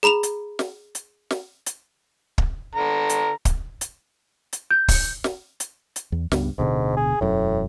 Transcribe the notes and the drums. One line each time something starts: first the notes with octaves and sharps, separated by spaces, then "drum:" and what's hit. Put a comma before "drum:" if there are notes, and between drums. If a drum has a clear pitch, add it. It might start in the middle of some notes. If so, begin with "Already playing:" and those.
G#4 A#5 B5 E7 F7
drum: hi-hat
drum: snare
drum: hi-hat
drum: snare
drum: hi-hat
drum: kick
D3 A#5
drum: hi-hat
drum: kick, hi-hat
drum: hi-hat
drum: hi-hat
G6
drum: kick, open hi-hat
drum: snare
drum: hi-hat
drum: hi-hat
E2
C#2 G2 B3, drum: snare
D1 G#2 B2 D3
G#4
E1 F#2 A2